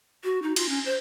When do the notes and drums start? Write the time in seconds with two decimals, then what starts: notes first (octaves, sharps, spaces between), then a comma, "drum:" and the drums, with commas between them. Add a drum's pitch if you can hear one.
0.24 F#4
0.42 D#4
0.56 F4, drum: cymbal
0.69 C#4
0.85 C5